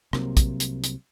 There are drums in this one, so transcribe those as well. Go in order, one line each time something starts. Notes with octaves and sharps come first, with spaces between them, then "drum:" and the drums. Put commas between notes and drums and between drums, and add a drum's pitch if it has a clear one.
C2 C3 F#3 A#3, drum: rim click
drum: kick, hi-hat
drum: hi-hat
drum: hi-hat